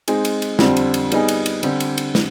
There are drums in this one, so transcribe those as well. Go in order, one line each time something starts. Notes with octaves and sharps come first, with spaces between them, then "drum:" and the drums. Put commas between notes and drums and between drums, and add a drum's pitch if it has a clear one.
G#3 C4 D#4 G#4, drum: cymbal
drum: cymbal
drum: cymbal
F2 D3 G3 C4, drum: snare
drum: cymbal
drum: cymbal
G3 B3 D#4 G#4, drum: cymbal
drum: cymbal
drum: cymbal
D3 G3 C4 G4, drum: cymbal
drum: cymbal
drum: cymbal
drum: snare